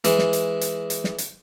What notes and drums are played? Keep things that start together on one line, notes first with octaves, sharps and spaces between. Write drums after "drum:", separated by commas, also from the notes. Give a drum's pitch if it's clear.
E3 G#3, drum: hi-hat
drum: snare
drum: hi-hat
drum: hi-hat
drum: hi-hat
drum: snare
drum: hi-hat